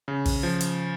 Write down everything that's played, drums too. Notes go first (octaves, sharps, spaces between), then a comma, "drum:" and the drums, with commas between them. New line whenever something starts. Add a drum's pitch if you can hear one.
C#3
drum: kick, open hi-hat
F3
drum: hi-hat